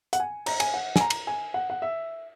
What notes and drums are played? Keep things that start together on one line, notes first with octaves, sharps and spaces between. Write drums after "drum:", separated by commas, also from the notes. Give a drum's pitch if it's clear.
F#5, drum: hi-hat
G#5
A#5, drum: cymbal
G#5, drum: cymbal
F#5
G#5, drum: snare
A#5
drum: cymbal
G#5
F#5
F#5
E5